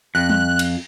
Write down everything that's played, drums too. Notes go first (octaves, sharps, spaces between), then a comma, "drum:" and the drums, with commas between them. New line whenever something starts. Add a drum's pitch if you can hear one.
F2 F#6
drum: tom G3
drum: cymbal